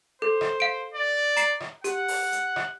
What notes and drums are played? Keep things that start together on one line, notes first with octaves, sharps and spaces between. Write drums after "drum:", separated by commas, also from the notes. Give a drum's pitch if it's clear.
A4 C5
drum: rim click
F5 D7
D5
A#5 C7, drum: hi-hat
drum: rim click
G4 F#5, drum: hi-hat
drum: open hi-hat
drum: hi-hat
drum: rim click